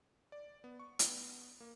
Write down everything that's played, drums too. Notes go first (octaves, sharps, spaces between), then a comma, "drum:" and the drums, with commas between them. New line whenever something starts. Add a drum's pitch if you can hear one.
D5
B3
C#6
B3, drum: hi-hat
A#3